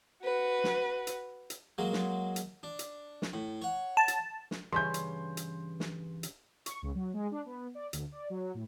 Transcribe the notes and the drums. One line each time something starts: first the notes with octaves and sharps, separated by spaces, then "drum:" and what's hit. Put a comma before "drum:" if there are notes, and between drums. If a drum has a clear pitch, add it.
F#4 B4
drum: snare
drum: hi-hat
drum: hi-hat
F#3 G#3 A#3
drum: snare
drum: hi-hat
D4
drum: hi-hat
drum: snare
A2
C#5 F#5
A5
drum: hi-hat
drum: snare
G2 C#3 E3 C#4 C6 G6
drum: hi-hat
drum: hi-hat
drum: snare
drum: hi-hat
C#6, drum: hi-hat
C#2
F#3
G#3
D4
B3
D5
D2, drum: hi-hat
D5
F#3
A2